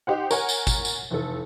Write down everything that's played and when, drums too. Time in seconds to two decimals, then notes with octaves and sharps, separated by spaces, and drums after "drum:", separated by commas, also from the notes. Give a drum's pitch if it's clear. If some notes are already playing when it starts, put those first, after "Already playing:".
0.07 D#4 G4 C5 F#5
0.31 A#4 C#5 F#5 G#5, drum: tambourine
0.49 drum: tambourine
0.67 drum: kick G#1, tambourine
0.85 drum: tambourine
1.11 F1 E2 A4